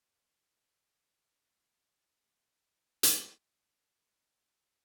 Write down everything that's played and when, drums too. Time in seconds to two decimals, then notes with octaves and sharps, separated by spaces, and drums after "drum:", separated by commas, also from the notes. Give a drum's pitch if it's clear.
0.13 A#4
1.51 G#3
3.03 drum: hi-hat
3.56 F#2 C#3